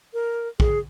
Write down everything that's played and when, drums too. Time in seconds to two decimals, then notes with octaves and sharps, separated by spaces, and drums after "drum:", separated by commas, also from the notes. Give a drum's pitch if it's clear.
0.14 A#4
0.60 G#4, drum: kick A#1